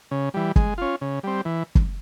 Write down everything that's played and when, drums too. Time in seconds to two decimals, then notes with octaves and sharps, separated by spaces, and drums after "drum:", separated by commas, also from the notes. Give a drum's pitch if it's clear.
0.11 C#3
0.34 E3 G3
0.56 G#3, drum: kick
0.78 C#4 F4
1.01 C#3
1.24 G3 C4
1.45 E3
1.75 drum: kick